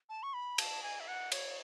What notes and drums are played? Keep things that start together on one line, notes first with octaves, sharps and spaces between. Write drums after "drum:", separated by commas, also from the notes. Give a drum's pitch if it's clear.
A5
C#6
B5
A5, drum: cymbal
G#5
E5
F#5
C#5, drum: cymbal